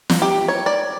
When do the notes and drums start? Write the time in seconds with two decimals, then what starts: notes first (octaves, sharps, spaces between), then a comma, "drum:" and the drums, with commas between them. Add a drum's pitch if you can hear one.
0.10 drum: snare
0.22 G4
0.48 C#5
0.66 D5